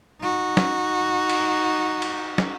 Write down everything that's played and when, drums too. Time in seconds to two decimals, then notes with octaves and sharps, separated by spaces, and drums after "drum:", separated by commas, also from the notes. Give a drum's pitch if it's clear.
0.21 D#4 F#4
0.57 drum: snare
1.29 drum: cymbal
2.02 drum: cymbal
2.38 drum: snare